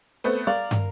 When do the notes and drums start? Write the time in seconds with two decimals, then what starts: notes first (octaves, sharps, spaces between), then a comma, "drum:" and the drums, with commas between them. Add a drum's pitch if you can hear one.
0.24 A3 B3 C4
0.47 A#4 D5 F5
0.71 drum: tom